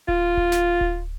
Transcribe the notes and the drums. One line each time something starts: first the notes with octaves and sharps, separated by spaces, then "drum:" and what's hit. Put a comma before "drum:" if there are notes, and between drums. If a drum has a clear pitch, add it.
F4, drum: kick D1
drum: kick D1
drum: snare
drum: kick D1